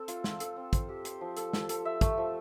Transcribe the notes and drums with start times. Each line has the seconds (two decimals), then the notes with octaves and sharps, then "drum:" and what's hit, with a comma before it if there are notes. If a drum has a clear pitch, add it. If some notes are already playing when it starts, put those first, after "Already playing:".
Already playing: C4 A4
0.08 F4, drum: hi-hat
0.24 F4, drum: snare
0.40 A4, drum: hi-hat
0.56 C4
0.73 C5, drum: kick, hi-hat
0.89 G4
1.05 C5, drum: hi-hat
1.21 F3
1.37 A4, drum: hi-hat
1.53 A4, drum: snare
1.69 A4, drum: hi-hat
1.85 E5
2.01 A3, drum: kick, hi-hat
2.18 F3